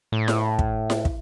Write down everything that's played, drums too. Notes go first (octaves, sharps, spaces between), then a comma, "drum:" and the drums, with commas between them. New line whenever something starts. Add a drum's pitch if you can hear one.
A2
drum: snare E4
drum: kick
drum: snare E4
drum: kick